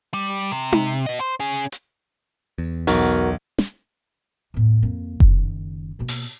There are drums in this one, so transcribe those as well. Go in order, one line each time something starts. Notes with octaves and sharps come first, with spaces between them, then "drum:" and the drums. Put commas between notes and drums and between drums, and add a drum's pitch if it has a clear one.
G3
C3
drum: tom D#4
B2 D#5
C5
C#4 G#4
drum: hi-hat
E2
B1 F#4 A#4, drum: open hi-hat
drum: snare
E2 A2
F2 A#3
F#1 D#3, drum: kick F1
B2 A#3
drum: open hi-hat